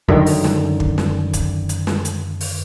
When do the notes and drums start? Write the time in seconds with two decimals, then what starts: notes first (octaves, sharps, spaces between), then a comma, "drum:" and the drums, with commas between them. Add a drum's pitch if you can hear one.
0.08 F#2 D3 D#3
0.26 drum: open hi-hat
0.44 drum: snare
0.80 drum: kick
0.98 drum: snare
1.33 drum: kick, hi-hat
1.69 drum: hi-hat
1.87 drum: snare
2.05 drum: hi-hat
2.41 drum: open hi-hat